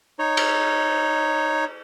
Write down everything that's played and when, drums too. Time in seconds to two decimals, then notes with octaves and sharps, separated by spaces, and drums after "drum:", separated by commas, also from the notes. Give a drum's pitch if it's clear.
0.19 D#4 C#5
0.37 drum: cymbal